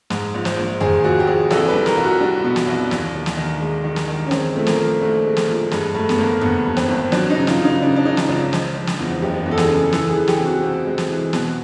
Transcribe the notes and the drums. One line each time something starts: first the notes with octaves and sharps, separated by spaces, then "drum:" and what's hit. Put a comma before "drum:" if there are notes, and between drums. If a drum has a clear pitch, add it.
G#2, drum: snare
A#1
C5, drum: snare
A#1
D#3 G#4, drum: tom
A#1 F#4
G4
A#1 G#4
C2 A4, drum: snare
B4
G3
A#4, drum: snare
C2
F#4
G3 D4
B2
drum: snare
C2
D#2, drum: snare
D#2
drum: snare
D#3
G#3
D#3
drum: snare
D#3
C#4
G#3 C4, drum: snare
A#2 A3
A#3, drum: snare
F3
C2 A3
G#3
drum: snare
A#2
G2 G#3, drum: snare
G2 A3
B3, drum: snare
G#1 A#3
G2 B3, drum: tom
G2
C4, drum: snare
G#1
F#3 D4, drum: snare
D#4
C#3
F4, drum: snare
C#3
D#4
C#3 D4
D4
C#3 D#4
drum: snare
C#2 D4
F3, drum: snare
F3
drum: snare
E2
F#1 G4
E2
A4
G#4, drum: snare
C#3
E3 A4, drum: snare
G#4
E3
G4, drum: snare
C3
F#4
C3
G#3
drum: snare
E3
B2, drum: snare